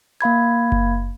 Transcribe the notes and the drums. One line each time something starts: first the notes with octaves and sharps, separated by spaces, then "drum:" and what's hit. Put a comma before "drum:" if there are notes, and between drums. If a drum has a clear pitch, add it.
A#3 F5 B5 G#6
drum: kick F#1